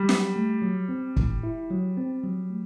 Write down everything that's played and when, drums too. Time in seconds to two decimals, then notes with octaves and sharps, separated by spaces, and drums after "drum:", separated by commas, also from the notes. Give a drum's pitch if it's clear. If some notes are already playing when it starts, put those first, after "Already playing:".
Already playing: G3
0.09 F#3, drum: snare
0.36 A3
0.62 F#3
0.89 C4
1.16 A2, drum: kick
1.43 E4
1.70 F#3
1.97 C4
2.24 F#3
2.50 A3